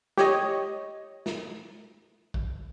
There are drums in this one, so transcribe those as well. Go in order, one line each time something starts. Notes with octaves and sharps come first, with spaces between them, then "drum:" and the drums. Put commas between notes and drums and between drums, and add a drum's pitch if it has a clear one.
G4 C#5 D#5, drum: snare
drum: snare
drum: kick A#1